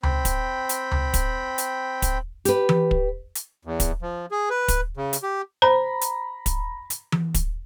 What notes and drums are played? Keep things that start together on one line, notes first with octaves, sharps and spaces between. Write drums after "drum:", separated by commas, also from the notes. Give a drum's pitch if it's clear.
C4 G5 B5, drum: tom C#2
drum: kick, hi-hat
drum: hi-hat
drum: tom C#2
drum: kick, hi-hat
drum: hi-hat
drum: kick, hi-hat
G4 B4, drum: hi-hat
drum: tom E3
drum: kick
drum: hi-hat
E2
drum: kick, hi-hat
F3
G#4
B4
drum: kick, hi-hat
C#3
drum: hi-hat
G4
C5 A#5 B5
drum: hi-hat
drum: kick, hi-hat
drum: hi-hat
drum: tom E3
drum: kick, hi-hat